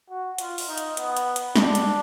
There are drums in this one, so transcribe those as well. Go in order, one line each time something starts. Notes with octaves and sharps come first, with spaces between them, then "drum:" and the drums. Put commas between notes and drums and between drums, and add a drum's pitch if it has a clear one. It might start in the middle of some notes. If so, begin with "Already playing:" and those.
F#4
F4, drum: hi-hat
drum: open hi-hat
D#4
drum: hi-hat
B3, drum: hi-hat
drum: hi-hat
drum: hi-hat
D4, drum: snare
drum: hi-hat